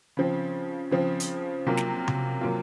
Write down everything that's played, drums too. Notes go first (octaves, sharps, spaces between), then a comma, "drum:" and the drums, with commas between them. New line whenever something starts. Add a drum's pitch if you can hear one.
C#3 F3 C4
C#3 F3 C4
drum: hi-hat
C3 F#3 A#3 F4
drum: snare
drum: tom C3
C3 F#3 A#3 F4